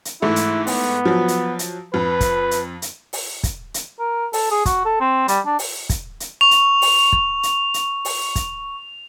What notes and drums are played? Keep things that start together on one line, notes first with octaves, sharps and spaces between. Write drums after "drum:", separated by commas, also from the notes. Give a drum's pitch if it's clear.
drum: hi-hat
G#2 E3 A3 E4
drum: hi-hat
B3, drum: open hi-hat
F3 F#3
drum: hi-hat
drum: hi-hat
F2 B4
drum: kick, hi-hat
drum: hi-hat
drum: hi-hat
drum: open hi-hat
drum: kick, hi-hat
drum: hi-hat
A#4
A4, drum: open hi-hat
G#4
F#4, drum: kick, hi-hat
A4
C4
G3, drum: hi-hat
D4
drum: open hi-hat
drum: kick, hi-hat
drum: hi-hat
C#6 F7
drum: hi-hat
drum: open hi-hat
drum: kick
drum: hi-hat
drum: hi-hat
drum: open hi-hat
drum: kick, hi-hat